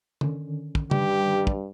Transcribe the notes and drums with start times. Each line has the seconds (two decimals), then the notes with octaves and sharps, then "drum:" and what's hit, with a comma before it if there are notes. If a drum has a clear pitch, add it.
0.21 D3 D#3 C#4, drum: tom
0.75 drum: kick
0.91 G2 G3 G4, drum: tom
1.47 drum: kick